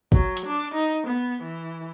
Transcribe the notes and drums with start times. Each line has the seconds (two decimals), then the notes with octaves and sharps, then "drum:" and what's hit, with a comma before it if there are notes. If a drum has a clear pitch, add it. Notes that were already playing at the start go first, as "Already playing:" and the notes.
0.12 F#3, drum: kick
0.37 drum: hi-hat
0.46 D4
0.75 D#4
1.07 B3
1.43 E3